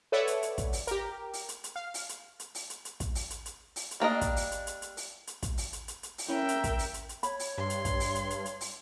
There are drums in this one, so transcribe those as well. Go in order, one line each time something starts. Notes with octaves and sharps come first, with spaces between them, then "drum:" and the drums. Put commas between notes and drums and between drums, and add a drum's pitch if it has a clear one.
A4 B4 C#5 D5 E5 F#5
drum: hi-hat
drum: hi-hat
drum: kick, hi-hat
drum: open hi-hat
G4 A#4, drum: hi-hat
drum: open hi-hat
drum: hi-hat
drum: hi-hat
F5
drum: open hi-hat
drum: hi-hat
drum: hi-hat
drum: open hi-hat
drum: hi-hat
drum: hi-hat
drum: kick, hi-hat
drum: open hi-hat
drum: hi-hat
drum: hi-hat
drum: open hi-hat
drum: hi-hat
G3 A#3 D4 D#5
drum: kick, hi-hat
drum: open hi-hat
drum: hi-hat
drum: hi-hat
drum: hi-hat
drum: open hi-hat
drum: hi-hat
drum: kick, hi-hat
drum: open hi-hat
drum: hi-hat
drum: hi-hat
drum: hi-hat
drum: open hi-hat
C#4 E4 A#4 E5 G5
drum: hi-hat
drum: kick, hi-hat
drum: open hi-hat
drum: hi-hat
drum: hi-hat
C#5 B5, drum: hi-hat
drum: open hi-hat
G2 C6
drum: hi-hat
drum: kick, hi-hat
drum: open hi-hat
drum: hi-hat
drum: hi-hat
drum: hi-hat
drum: open hi-hat